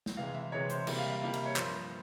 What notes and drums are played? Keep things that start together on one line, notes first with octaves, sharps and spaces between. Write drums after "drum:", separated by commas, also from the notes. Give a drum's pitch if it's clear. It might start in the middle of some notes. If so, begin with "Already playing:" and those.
drum: snare
C3 E3 G#3 F5
E5
C3 E3 G#3 C#5
C5, drum: hi-hat
C3 G3 A#3 E5, drum: cymbal
F5
E5
C3 G3 A#3 F5
E5, drum: cymbal
C#5
G2 F3 A#3 C5, drum: clap
A#4